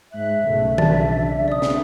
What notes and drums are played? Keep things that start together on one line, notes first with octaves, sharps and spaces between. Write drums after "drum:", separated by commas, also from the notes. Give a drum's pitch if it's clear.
G#2 E5 F#6
B1 C#3 A3
B1 C#3 D4 D5 A5 A6, drum: tom D#3
D5 D#6
drum: snare